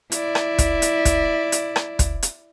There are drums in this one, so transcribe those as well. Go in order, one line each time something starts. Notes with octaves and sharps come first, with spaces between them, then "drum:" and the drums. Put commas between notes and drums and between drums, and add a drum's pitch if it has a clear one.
E4 D5, drum: hi-hat
drum: rim click
drum: kick, hi-hat
drum: hi-hat
drum: kick, hi-hat
drum: hi-hat
drum: rim click
drum: kick, hi-hat
drum: hi-hat